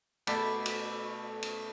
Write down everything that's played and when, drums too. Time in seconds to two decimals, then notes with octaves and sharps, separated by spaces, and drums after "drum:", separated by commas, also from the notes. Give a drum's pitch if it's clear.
0.27 B2 A3 D5 B5, drum: cymbal
0.66 drum: cymbal
1.42 drum: cymbal